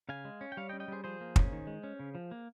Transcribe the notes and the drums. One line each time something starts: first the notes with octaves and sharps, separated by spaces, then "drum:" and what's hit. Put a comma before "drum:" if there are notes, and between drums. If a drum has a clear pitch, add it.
C#3 F5 G#5
G#3
C#4
G5
G3 C#5 F5
D#5 G5
C#4
D#5 G5
G3 G#4 C5
F3 G#4 C5
A#3
C#4, drum: kick
D#3
G#3
C#4
C#3
F3
A#3